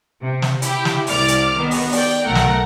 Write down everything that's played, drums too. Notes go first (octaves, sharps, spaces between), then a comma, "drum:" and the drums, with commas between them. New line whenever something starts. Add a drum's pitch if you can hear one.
C3
drum: snare
E4 G4, drum: hi-hat
drum: snare
C2 D5 D6 F6, drum: open hi-hat
drum: hi-hat
D#3 B3
drum: open hi-hat
D5 G5, drum: open hi-hat
B1 A3 A#4 F#5
drum: snare